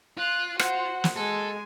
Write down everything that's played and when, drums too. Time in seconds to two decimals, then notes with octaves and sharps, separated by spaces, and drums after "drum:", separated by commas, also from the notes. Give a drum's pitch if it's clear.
0.18 F4 F#6
0.59 F#4 C5 F#5, drum: rim click
1.04 drum: snare
1.16 G#3 A4 G#5